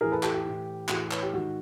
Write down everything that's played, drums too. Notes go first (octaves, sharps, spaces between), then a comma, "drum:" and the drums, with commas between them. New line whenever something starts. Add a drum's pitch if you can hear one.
A2 E3 G#4 A#4
A4 B4
G4 A4, drum: clap
G4
A2 E3
A2 E3 F#4 G#4, drum: clap
B4 C#5, drum: clap
G4
G#2 D#3 F#4